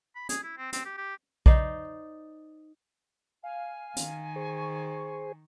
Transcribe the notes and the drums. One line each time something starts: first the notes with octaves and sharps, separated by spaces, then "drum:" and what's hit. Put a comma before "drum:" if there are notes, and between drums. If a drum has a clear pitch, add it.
B5
G#4, drum: hi-hat
E4
C4
C4, drum: hi-hat
G4
G4
D#4 C5 D5, drum: kick A#1
F5 G#5
D#3, drum: hi-hat
G#4 C5 C#6